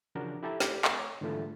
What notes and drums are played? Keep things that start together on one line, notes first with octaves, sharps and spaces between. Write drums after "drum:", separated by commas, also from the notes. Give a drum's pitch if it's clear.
C#3 E3 F3 D4 F#4 A#4
E4 G4 A4 E5 A#5
A3 C4 G4 D5, drum: snare
drum: clap
C#5
G#2 D3 E3 G3 A3 F4